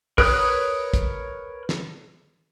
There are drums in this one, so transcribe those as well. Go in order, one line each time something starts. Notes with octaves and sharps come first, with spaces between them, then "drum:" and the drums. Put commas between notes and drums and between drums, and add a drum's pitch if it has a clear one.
A#4 B4 C#5 D#6 F#6, drum: kick, open hi-hat
drum: kick, hi-hat
drum: snare